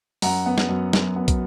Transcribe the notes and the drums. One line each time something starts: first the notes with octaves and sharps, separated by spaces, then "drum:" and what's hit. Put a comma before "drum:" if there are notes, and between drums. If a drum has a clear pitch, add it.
F#2 F#5 A#5, drum: open hi-hat
B3
drum: snare
F#2
F#2, drum: snare
B3
drum: kick, hi-hat